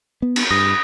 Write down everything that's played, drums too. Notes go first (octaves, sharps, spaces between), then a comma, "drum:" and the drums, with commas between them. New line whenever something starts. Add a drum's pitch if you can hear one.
B3
drum: cymbal
G2 D#6 A#6